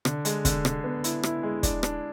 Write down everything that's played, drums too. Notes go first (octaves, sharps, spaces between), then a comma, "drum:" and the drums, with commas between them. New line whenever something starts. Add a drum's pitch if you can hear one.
D3, drum: rim click
G#3, drum: hi-hat
D3, drum: kick, hi-hat
D3, drum: rim click
B3
E4, drum: hi-hat
E4, drum: rim click
G#3
D4, drum: kick, hi-hat
D4, drum: rim click